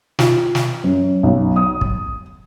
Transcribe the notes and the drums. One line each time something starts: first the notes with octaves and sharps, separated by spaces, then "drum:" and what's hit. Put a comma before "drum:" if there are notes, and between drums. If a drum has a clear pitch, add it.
F4, drum: snare
drum: snare
F#2
B1
D#6
drum: kick